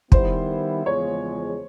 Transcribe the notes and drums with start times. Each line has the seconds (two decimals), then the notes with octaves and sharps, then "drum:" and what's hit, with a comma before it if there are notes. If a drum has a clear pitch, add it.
0.12 D#3 G3 B3 E4 C5, drum: kick
0.86 E2 C#3 F3 G#3 C#5